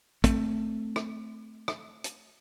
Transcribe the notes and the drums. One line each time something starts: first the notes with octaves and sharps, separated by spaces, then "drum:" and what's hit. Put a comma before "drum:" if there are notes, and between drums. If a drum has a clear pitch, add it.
A3 C4, drum: kick, hi-hat
drum: rim click
drum: rim click
drum: hi-hat